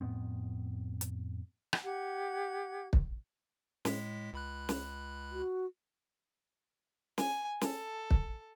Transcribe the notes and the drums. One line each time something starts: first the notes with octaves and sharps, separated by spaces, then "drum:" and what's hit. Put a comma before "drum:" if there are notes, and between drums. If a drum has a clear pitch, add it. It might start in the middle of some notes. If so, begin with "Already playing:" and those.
F2 A2 B3 C4
drum: hi-hat
drum: rim click
G4 F#5 G#6
drum: kick
A2 G#3 B6, drum: snare
C#2 B5 F#6
drum: snare
F#4
G#5, drum: snare
A4, drum: snare
drum: kick